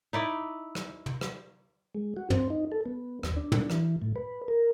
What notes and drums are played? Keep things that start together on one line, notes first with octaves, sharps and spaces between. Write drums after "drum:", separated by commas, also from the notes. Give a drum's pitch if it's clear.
D#4 E4 D5
drum: rim click
drum: tom
drum: rim click
G#3
F#4
C4, drum: tom
D#4
A4
B3
D#2, drum: rim click
D4
drum: tom
E3, drum: rim click
A2
B4
A#4